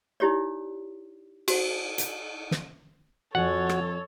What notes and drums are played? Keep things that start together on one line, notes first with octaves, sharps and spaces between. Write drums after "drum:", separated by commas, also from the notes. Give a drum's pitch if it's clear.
D#4 E4 G4 C#5 D5
F#4 C5 F#5, drum: cymbal
drum: hi-hat
drum: snare
F2 F3 F#4 A4 C#5 F#5 G#5
drum: rim click